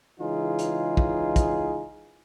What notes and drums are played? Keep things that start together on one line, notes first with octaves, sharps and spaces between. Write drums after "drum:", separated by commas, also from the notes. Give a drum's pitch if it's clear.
C#3 E3 G#3 D#4 F4 G#4
drum: hi-hat
drum: kick
drum: kick, hi-hat